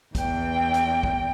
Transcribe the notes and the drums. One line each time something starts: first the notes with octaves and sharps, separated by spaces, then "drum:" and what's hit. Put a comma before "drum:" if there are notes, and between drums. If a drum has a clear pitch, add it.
E2 G5, drum: kick, hi-hat
drum: hi-hat
drum: kick